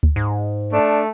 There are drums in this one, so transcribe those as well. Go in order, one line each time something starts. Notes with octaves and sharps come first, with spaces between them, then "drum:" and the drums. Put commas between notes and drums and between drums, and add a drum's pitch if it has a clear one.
drum: kick D2
G#2
A3 D4